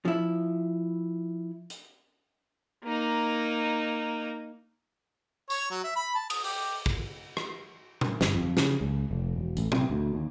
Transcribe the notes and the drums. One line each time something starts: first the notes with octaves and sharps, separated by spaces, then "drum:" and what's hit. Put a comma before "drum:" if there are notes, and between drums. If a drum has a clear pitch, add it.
F3 E4
drum: hi-hat
A#3 D#4
C#5, drum: tambourine
F#3
E5
B5
A5
D#6, drum: cymbal
G4, drum: open hi-hat
drum: kick
drum: rim click
drum: tom A#2
G1, drum: snare
F2
C#3, drum: snare
C#2
F1
E1
A1, drum: hi-hat
C3, drum: tom A#2
D2
D#2